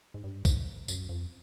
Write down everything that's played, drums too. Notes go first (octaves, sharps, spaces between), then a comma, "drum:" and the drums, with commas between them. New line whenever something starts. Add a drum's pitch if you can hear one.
G#2
G2
G#2, drum: kick B1, tambourine
F#2, drum: tambourine
F2